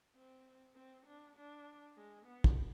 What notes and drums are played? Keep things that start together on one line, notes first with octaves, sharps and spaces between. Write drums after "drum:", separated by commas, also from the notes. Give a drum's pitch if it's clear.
C4
C4
D4
D4
G#3
B3
drum: kick